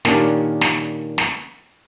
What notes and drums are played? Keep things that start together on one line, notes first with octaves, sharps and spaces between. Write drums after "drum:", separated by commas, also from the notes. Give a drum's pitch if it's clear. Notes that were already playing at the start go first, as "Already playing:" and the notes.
A#2 D#3 A#3 C#4 D4 G4, drum: snare
drum: snare
drum: snare